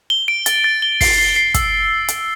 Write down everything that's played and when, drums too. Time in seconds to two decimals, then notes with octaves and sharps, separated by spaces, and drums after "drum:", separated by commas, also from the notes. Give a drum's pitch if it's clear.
0.10 G7
0.28 D7
0.46 A6, drum: hi-hat
0.64 A6
0.82 G7
1.01 C7, drum: kick, open hi-hat
1.18 C7
1.36 C7
1.54 E6, drum: kick, hi-hat
2.08 drum: hi-hat